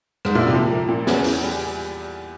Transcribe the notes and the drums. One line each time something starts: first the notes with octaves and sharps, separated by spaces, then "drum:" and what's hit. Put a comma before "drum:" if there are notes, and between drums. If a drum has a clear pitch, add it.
G#2, drum: rim click
A#2 E4
C3
F3
A#3
A#2
E2 C#3, drum: snare
E3, drum: open hi-hat
G3